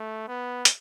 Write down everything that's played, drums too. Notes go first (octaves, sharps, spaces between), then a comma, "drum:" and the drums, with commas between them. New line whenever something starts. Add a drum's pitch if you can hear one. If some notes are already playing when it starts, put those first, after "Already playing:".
Already playing: A3
B3
drum: hi-hat